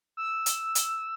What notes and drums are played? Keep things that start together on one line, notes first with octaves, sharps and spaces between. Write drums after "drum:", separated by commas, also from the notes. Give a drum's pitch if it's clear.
E6
drum: hi-hat
drum: hi-hat